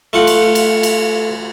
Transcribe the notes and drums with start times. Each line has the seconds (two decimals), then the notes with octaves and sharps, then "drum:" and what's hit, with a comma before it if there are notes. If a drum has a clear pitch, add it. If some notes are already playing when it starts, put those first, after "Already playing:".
0.13 A3 F4 F#5
0.27 drum: cymbal
0.55 drum: cymbal
0.83 drum: cymbal